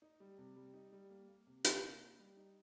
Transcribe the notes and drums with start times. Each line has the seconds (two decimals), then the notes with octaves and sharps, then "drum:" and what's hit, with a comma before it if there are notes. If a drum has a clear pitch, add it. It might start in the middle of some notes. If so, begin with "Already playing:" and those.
0.02 D#4
0.20 G3
0.38 C3
0.56 G3
0.74 D#4
0.92 G3
1.10 A#3
1.28 A#3
1.47 C3
1.64 C3, drum: hi-hat
1.82 A#3
2.01 D#4
2.19 G3
2.37 D#4